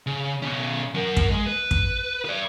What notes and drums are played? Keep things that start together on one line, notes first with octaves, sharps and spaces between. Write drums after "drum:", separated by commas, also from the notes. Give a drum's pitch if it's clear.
C#3
B2 C#4
F#3 A#4
drum: kick
G#3
B4
drum: kick
B4 D5